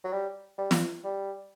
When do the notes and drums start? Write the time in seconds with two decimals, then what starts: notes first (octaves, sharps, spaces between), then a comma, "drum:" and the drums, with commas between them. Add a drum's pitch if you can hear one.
0.04 F#3
0.13 G3
0.58 G3
0.71 drum: snare
1.04 G3